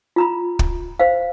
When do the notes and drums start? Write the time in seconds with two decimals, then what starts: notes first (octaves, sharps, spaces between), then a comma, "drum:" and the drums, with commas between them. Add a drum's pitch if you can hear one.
0.16 F4 A#5 B5
0.59 drum: kick
1.00 C5 F5